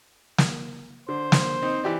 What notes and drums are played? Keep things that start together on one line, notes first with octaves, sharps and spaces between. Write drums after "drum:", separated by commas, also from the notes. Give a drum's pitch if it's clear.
drum: snare
D3 C5
drum: snare
C4 D#4
E3 G4 D5